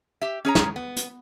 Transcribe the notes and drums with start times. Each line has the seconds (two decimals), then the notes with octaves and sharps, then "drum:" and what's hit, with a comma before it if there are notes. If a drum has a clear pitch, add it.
0.21 G4 E5
0.45 C#4 G#4 C#5 A#5
0.55 drum: snare
0.76 B3
0.96 drum: hi-hat